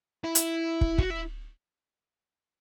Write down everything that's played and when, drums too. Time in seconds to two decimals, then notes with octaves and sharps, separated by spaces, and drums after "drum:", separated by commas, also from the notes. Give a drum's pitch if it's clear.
0.24 E4
0.35 drum: hi-hat
0.81 drum: kick
0.98 F#4, drum: kick
1.10 E4